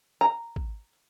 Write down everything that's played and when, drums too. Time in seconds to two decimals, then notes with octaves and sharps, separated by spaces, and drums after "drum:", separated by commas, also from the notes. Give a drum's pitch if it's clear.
0.21 A#5
0.56 drum: kick